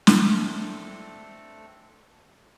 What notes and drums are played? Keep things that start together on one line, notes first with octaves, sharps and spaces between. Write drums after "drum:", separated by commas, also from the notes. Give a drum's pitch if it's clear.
A3 C4 D4 A4, drum: snare